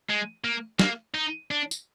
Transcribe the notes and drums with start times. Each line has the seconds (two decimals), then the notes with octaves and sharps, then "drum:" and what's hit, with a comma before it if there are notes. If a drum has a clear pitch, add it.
0.10 G#3
0.45 A#3
0.79 A#3, drum: snare
1.14 D#4
1.51 D4
1.71 drum: tambourine